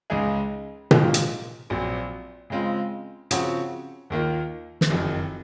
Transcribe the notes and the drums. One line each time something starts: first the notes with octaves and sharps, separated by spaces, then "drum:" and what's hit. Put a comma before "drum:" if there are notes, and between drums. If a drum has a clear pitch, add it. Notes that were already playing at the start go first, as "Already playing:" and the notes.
C#2 C#3 G#3 D#4 G#4
G#1 G#2 D#3 A#3 F4, drum: tom B2
drum: hi-hat
A#1 A#2 F#3 C4
C#3 G#3 C4 F4
C#3 F3 C4 F#4 C#5, drum: hi-hat
D#2 D#3 A#3 F4
drum: snare
F#1 F2 D#3 F#3